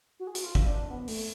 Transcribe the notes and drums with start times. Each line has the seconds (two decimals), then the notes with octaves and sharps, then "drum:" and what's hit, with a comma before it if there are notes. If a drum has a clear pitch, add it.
0.20 F#4
0.27 G#4
0.35 F#4, drum: hi-hat
0.44 F4
0.55 drum: kick
0.66 D4
0.91 B3
1.08 A3, drum: open hi-hat